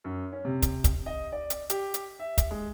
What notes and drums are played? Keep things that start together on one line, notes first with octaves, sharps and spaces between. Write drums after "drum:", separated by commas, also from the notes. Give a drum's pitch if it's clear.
F#2
C#4
C3
drum: kick, hi-hat
drum: kick, hi-hat
D#5
D5
drum: hi-hat
G4, drum: hi-hat
drum: hi-hat
E5
drum: kick, hi-hat
G#3